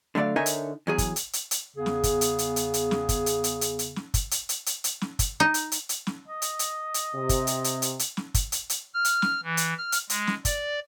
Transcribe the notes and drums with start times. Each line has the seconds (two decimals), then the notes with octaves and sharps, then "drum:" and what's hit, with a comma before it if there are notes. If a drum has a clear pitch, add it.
0.15 D3 F#3 A3 D5 F5
0.36 D3 D#4 A#4 C#5 E5 G#5
0.46 drum: hi-hat
0.87 E2 F#3 G#4
0.98 drum: kick, hi-hat
1.16 drum: hi-hat
1.33 drum: hi-hat
1.51 drum: hi-hat
1.77 E2 C#3 B3 G#4
1.86 drum: snare
2.03 drum: kick, hi-hat
2.21 drum: hi-hat
2.39 drum: hi-hat
2.56 drum: hi-hat
2.74 drum: hi-hat
2.91 drum: snare
3.09 drum: kick, hi-hat
3.26 drum: hi-hat
3.44 drum: hi-hat
3.61 drum: hi-hat
3.79 drum: hi-hat
3.96 drum: snare
4.14 drum: kick, hi-hat
4.31 drum: hi-hat
4.49 drum: hi-hat
4.66 drum: hi-hat
4.84 drum: hi-hat
5.01 drum: snare
5.19 drum: kick, hi-hat
5.40 D#4
5.54 drum: hi-hat
5.72 drum: hi-hat
5.89 drum: hi-hat
6.07 drum: snare
6.28 D#5
6.42 drum: hi-hat
6.59 drum: hi-hat
6.94 drum: hi-hat
7.15 C3
7.29 drum: kick, hi-hat
7.47 drum: hi-hat
7.64 drum: hi-hat
7.82 drum: hi-hat
7.99 drum: hi-hat
8.17 drum: snare
8.34 drum: kick, hi-hat
8.52 drum: hi-hat
8.70 drum: hi-hat
8.94 F6
9.05 drum: hi-hat
9.22 drum: snare
9.43 E3
9.57 drum: hi-hat
9.78 F6
9.92 drum: hi-hat
10.10 G#3, drum: hi-hat
10.27 drum: snare
10.45 D5, drum: kick, hi-hat